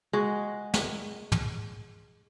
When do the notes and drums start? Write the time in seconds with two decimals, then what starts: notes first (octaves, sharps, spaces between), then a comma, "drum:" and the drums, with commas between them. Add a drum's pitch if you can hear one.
0.13 G#3 F#4
0.74 drum: snare
1.32 drum: tom